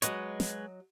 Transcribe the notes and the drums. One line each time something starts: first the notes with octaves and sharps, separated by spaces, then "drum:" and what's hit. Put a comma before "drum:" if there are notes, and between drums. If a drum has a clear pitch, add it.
F#3 G#3 B4 C#5 D#5, drum: hi-hat
drum: snare